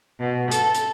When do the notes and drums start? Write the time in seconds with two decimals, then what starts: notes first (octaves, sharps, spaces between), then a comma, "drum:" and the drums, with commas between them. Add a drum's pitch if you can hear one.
0.20 B2
0.51 A4, drum: hi-hat
0.75 drum: hi-hat